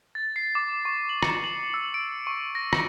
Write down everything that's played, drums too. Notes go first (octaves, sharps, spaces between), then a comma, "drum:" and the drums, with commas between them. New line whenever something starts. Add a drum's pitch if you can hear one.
A6
C7
D6
C#6
F#7
C#7, drum: rim click
F#7
E6
D7
C#6
A#6
C#7, drum: rim click